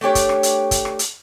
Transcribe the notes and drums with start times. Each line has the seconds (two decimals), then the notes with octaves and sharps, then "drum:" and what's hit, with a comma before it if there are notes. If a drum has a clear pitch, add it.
0.01 A3 D4 G4 C#5
0.15 drum: kick, hi-hat
0.29 drum: rim click
0.43 drum: hi-hat
0.71 drum: kick, hi-hat
0.85 drum: rim click
0.99 drum: hi-hat